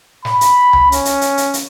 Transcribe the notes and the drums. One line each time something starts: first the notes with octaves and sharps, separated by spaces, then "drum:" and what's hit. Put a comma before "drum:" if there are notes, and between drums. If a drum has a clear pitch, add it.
B5, drum: snare
drum: hi-hat
drum: tom C#2
C#4, drum: hi-hat
drum: hi-hat
drum: hi-hat
drum: hi-hat
drum: hi-hat